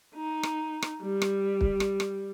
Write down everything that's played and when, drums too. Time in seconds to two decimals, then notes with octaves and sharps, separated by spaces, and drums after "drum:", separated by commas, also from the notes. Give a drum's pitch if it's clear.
0.15 D#4
0.43 drum: rim click
0.82 drum: rim click
1.02 G3
1.22 drum: rim click
1.61 drum: kick
1.80 drum: rim click
2.00 drum: rim click